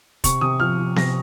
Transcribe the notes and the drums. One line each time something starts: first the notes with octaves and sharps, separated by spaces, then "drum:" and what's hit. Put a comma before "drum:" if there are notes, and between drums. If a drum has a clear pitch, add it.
C3 C#6, drum: kick, hi-hat
C3 D#6
F3 F6
F3
C3 A#6, drum: snare B3